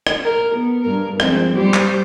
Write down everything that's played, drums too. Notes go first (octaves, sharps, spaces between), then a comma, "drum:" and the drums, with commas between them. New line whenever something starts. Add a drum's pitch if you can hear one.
drum: rim click
A#4
B3
G2 A#4
F3 G#3 C4, drum: rim click
G3 G4 C5
drum: clap